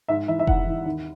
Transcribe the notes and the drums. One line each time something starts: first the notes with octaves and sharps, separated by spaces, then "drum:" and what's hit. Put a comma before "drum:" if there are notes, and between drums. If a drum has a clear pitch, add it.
G#2 E5
E3 E5
E5
G#2 F#5, drum: kick F1
E3
D#2